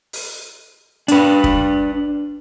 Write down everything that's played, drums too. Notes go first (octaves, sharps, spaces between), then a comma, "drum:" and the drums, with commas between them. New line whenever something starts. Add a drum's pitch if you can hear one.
drum: open hi-hat
D4 B4, drum: hi-hat
drum: kick